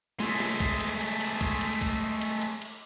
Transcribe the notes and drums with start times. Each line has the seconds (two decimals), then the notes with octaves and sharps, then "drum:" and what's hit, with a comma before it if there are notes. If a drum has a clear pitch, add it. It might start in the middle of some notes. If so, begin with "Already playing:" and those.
0.20 G#3 A3, drum: snare
0.40 drum: snare
0.60 drum: kick, cymbal
0.80 drum: cymbal
1.01 drum: cymbal
1.21 drum: cymbal
1.41 drum: kick, cymbal
1.61 drum: cymbal
1.81 drum: kick, cymbal
2.21 drum: cymbal
2.42 drum: cymbal
2.62 drum: cymbal